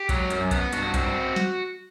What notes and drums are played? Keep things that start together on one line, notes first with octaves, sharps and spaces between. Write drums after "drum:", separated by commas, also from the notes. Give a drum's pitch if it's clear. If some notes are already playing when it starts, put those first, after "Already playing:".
Already playing: G4
F#3, drum: kick B1, hi-hat
F#2, drum: hi-hat
B3, drum: kick B1, hi-hat
G2 F#4, drum: hi-hat
C4, drum: kick B1, hi-hat
drum: snare